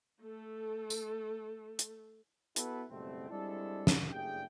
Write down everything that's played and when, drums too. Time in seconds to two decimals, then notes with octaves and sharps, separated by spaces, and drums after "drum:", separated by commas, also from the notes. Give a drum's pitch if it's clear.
0.22 A3 A4
0.90 drum: tambourine
1.79 drum: hi-hat
2.56 B3 E4 F#4 A4 B4, drum: hi-hat
2.90 F#1 B2 G3 A3 C4
3.30 G3 G#3 C4 D4 E4 A4
3.87 drum: snare
4.12 F#1 G2 G3 A3 G#4 G5